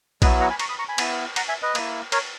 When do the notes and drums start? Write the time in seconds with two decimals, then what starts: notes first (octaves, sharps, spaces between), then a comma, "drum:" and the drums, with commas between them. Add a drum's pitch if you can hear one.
0.22 F#3 B3 E4 B4 D#5, drum: kick A#1, cymbal
0.40 F#5 A#5
0.50 G#5 B5
0.59 A#5 C#6, drum: cymbal
0.69 B5 D#6
0.79 A#5 C#6
0.89 G#5 B5
0.98 B3 E4, drum: cymbal
1.36 F#5 A#5, drum: cymbal
1.49 E5 G#5
1.62 B4 D#5
1.75 A#3 E4, drum: cymbal
2.12 A#4 C#5, drum: cymbal